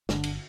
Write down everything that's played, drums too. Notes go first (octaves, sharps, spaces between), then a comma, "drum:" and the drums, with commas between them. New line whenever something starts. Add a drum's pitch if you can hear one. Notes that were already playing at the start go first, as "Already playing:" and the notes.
G1 D3, drum: snare
drum: cymbal